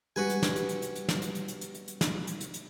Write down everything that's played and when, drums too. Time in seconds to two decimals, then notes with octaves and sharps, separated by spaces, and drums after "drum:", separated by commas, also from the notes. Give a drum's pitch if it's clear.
0.16 G3 F#4 B4 G#5
0.29 drum: hi-hat
0.43 drum: snare
0.56 drum: hi-hat
0.69 drum: hi-hat
0.82 drum: hi-hat
0.95 drum: hi-hat
1.09 drum: snare
1.22 drum: hi-hat
1.35 drum: hi-hat
1.48 drum: hi-hat
1.61 drum: hi-hat
1.74 drum: hi-hat
1.88 drum: hi-hat
2.01 drum: snare
2.27 drum: hi-hat
2.40 drum: hi-hat
2.54 drum: hi-hat